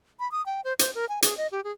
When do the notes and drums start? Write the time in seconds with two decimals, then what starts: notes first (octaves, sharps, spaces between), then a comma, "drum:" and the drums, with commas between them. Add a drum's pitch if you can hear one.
0.20 B5
0.31 D#6
0.46 G5
0.64 C5
0.79 C5, drum: hi-hat
0.95 A#4
1.09 G#5
1.22 G#4, drum: hi-hat
1.37 D#5
1.52 G4
1.64 G#4